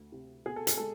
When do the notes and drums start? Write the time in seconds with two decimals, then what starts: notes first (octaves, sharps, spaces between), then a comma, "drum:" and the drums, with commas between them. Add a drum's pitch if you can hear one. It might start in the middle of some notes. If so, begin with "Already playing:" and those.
Already playing: D2
0.12 C3
0.46 B2 G#4
0.56 A4
0.67 G#4, drum: hi-hat
0.77 G#3 A4